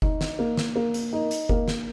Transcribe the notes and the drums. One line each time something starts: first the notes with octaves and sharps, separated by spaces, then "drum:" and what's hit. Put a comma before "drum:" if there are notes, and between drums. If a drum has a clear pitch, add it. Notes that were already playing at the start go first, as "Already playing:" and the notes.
D#4, drum: kick F#1
drum: snare
A#3
drum: snare
A#3
drum: hi-hat
D#4
drum: hi-hat
A#3, drum: kick F#1
drum: snare